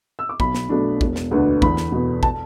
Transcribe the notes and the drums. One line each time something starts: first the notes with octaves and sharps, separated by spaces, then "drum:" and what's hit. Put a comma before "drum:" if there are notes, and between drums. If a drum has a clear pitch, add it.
E6
D6
B1 B5, drum: kick
drum: snare
B2 A3 D4
E1, drum: kick
drum: snare
D2 D3 B3 D4
E2 B5, drum: kick
drum: snare
B2 B3
A5, drum: kick